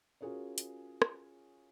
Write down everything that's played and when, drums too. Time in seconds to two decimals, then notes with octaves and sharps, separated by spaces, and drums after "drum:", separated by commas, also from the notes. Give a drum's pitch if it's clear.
0.21 C#4 F4 F#4 G#4 A#4 C#5
0.58 drum: hi-hat
1.02 drum: rim click